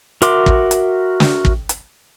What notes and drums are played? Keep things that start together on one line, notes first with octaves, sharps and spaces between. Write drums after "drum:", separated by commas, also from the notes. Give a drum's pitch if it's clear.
F#4 A#4 E5 C6 D6, drum: hi-hat
drum: kick
drum: hi-hat
drum: snare
drum: kick
drum: hi-hat